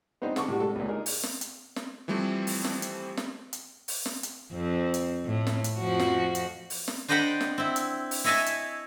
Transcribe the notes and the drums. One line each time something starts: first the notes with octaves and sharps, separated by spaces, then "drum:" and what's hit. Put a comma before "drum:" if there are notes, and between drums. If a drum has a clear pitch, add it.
B3 C4 D4 D#4
G#4 F#5 A5 C#6 D6, drum: snare
A2 C3 G3 F#4
C3 G#3 D4 A4
C#2 A#2
D4 D#4 G#4 A#4
drum: open hi-hat
drum: snare
drum: hi-hat
drum: snare
E3 F3 G3 A3 C4
drum: open hi-hat
drum: snare
drum: hi-hat
drum: snare
drum: hi-hat
drum: open hi-hat
drum: snare
drum: hi-hat
F2 C4
drum: hi-hat
A2
drum: snare
drum: hi-hat
F2 F3 F#4
drum: snare
drum: hi-hat
drum: open hi-hat
drum: snare
D4 C5 D#5 F#5 G5 B5
drum: snare
C4 E4
drum: hi-hat
drum: open hi-hat
E4 C#5 D#5 E5 G#5 A5
drum: hi-hat